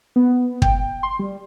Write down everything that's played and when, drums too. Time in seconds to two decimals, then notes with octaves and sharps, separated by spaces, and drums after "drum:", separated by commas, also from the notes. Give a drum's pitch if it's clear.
0.16 B3
0.62 G5, drum: kick
1.03 C6
1.19 G3